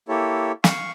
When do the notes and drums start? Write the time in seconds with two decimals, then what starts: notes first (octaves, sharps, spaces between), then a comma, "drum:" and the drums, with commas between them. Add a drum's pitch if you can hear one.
0.09 A#3 E4 G4 A4 C#5
0.64 F5 C#6, drum: snare